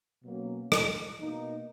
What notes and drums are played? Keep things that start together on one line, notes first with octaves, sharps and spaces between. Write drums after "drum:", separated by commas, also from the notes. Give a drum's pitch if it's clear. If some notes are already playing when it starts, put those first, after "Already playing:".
B2 F#3 A#3 C#4
drum: rim click
B2 A#3 D#4